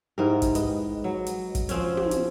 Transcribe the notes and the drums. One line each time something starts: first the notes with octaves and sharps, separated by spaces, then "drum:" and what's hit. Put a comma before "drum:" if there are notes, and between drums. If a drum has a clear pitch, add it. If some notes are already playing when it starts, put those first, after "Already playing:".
G#2 E4 G4 A#4
drum: kick, hi-hat
G#3 B4 D#5, drum: hi-hat
F#3
drum: hi-hat
drum: kick, hi-hat
F3 C4 C#4, drum: hi-hat
drum: tom
drum: hi-hat